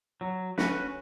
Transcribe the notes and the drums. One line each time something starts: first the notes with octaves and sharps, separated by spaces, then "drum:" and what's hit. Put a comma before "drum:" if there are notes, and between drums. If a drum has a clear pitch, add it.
F#3
C#4 F#4 B4, drum: snare